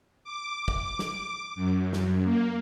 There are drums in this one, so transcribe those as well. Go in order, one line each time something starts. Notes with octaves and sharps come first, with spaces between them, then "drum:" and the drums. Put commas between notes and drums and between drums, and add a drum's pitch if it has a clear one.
D6
drum: kick
drum: snare
F#2
drum: snare
A#3